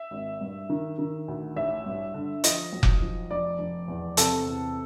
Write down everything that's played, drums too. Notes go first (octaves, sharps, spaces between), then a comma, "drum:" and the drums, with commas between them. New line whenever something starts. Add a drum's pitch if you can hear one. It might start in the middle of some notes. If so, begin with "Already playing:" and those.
Already playing: E5
G#1
G2
D#3
D#3
D2
A1 E5
G2
D3
F3 D#5, drum: hi-hat
B1
drum: kick F1
F3
F1 D5
F1
E2
C3 A4, drum: hi-hat
E2